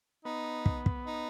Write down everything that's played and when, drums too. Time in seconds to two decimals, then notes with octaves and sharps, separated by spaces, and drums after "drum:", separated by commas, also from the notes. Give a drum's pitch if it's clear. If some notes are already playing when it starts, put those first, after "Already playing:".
0.25 B3 D#4
0.66 drum: kick
0.86 drum: kick
1.06 D#4